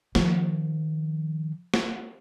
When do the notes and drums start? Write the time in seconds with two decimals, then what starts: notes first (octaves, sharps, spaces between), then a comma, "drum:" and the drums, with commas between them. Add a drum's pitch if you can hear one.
0.15 D#3 F3, drum: snare
1.74 drum: snare